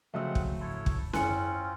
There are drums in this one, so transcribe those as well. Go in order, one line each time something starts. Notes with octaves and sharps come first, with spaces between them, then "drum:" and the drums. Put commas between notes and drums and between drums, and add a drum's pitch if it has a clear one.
C#3 F3 F#3 A3 C4 D#5 F#5 E6
drum: kick
G#2 E4 A4 C#5
drum: kick
F#2 C4 C#4 E4 F4 G#5 F#6 C#7, drum: snare C#4